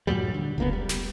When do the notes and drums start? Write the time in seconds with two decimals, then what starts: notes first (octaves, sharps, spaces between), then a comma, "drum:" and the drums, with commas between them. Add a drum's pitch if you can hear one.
0.07 G2 A#2 F#3 G3
0.34 D3
0.58 C#2 A#3 B3, drum: kick E1
0.73 G3
0.89 drum: snare